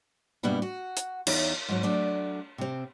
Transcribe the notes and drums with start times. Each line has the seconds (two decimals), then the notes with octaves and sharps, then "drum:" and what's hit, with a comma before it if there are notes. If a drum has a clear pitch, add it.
0.43 G2 B2 G3 A#3 B3 E4
0.62 F#4
0.97 drum: hi-hat
1.27 E2 D#4 C#5 E5, drum: cymbal
1.68 G#2 F#3 C#4
1.83 F#3 A3 D4 D5
2.58 C3 C4